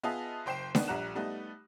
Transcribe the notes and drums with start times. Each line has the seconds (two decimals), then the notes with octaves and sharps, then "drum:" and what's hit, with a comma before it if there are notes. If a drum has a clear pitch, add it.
0.03 B3 F4 G#4 D#5 E5 A5
0.46 F#1 C5 G5 C7 E7
0.75 D#3 B3 D4, drum: snare D4
0.88 A#1 G3 F#5 A#5 F#6 E7
1.15 G3 A3 B3 D#4